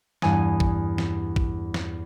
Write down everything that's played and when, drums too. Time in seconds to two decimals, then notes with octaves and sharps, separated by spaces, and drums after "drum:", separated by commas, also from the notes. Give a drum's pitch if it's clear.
0.22 E2 G2 G#5 D#6 D#7, drum: snare
0.60 drum: kick
0.98 drum: snare
1.36 drum: kick
1.74 drum: snare